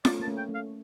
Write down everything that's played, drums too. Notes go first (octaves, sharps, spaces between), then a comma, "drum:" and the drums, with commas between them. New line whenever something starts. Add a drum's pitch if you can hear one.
A3 C#4 D5, drum: snare F4
A#3 A5
A3 C#4
G5
A3 C#4
F5